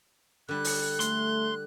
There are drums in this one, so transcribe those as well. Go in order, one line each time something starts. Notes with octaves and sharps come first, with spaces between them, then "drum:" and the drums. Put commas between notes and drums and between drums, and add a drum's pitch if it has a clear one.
D3 G3 F#6
drum: open hi-hat
A3 C6, drum: hi-hat